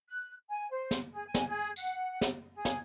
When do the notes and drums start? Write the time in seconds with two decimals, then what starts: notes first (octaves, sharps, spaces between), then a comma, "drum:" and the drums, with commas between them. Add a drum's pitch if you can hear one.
0.07 F#6
0.48 G#5
0.69 C5
0.91 drum: snare
1.10 G#4
1.25 G#5
1.34 drum: snare
1.46 G#4
1.76 F#5, drum: tambourine
2.21 drum: snare
2.53 G#4
2.65 drum: snare